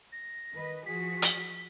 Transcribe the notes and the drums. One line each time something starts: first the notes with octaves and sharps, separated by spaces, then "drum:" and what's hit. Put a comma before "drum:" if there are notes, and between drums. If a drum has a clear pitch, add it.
A#6
D#3 B4 D#5
F3 F#4 G#4 B6
drum: hi-hat